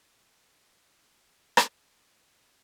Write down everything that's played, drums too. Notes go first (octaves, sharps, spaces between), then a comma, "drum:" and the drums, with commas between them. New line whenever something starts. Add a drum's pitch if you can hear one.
F#5 G5 A#5 C#6 E6 F6
drum: rim click